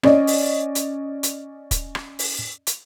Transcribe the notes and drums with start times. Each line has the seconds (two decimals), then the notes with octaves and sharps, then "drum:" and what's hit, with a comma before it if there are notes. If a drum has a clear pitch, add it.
0.03 C#4 D5 D#5, drum: rim click
0.27 drum: open hi-hat
0.75 drum: hi-hat
1.23 drum: hi-hat
1.71 drum: kick, hi-hat
1.95 drum: rim click
2.19 drum: open hi-hat
2.67 drum: hi-hat